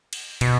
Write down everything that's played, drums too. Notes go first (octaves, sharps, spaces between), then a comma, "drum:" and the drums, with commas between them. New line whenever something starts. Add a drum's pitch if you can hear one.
drum: cymbal
B2, drum: cymbal